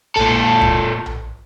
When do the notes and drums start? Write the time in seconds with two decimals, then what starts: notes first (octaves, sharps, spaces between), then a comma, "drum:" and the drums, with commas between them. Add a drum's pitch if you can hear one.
0.17 A#2 A4, drum: tom A#1
0.61 drum: kick
1.06 drum: tom A#1